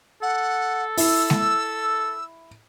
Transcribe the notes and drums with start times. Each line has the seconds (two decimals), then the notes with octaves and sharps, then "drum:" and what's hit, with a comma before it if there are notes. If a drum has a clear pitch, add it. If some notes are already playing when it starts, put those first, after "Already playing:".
0.22 A4 F#5
0.97 E4 E6, drum: open hi-hat
1.30 drum: snare G#3